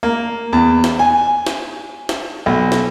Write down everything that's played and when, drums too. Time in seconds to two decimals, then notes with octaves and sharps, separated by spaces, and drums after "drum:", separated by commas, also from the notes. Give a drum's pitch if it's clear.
0.03 A#3
0.53 E2
0.84 drum: snare
0.99 G#5
1.47 drum: snare
2.09 drum: snare
2.46 B1
2.72 drum: snare